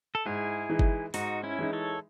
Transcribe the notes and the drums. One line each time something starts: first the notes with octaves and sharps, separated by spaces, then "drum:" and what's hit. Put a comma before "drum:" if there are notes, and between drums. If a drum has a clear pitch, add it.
A4
G#2 E4 G#4
E3 G#3 D#4
drum: kick G1
G#2 D#4 F#4, drum: open hi-hat
C#4 E4
E3 G#3 D#4
A4 C#5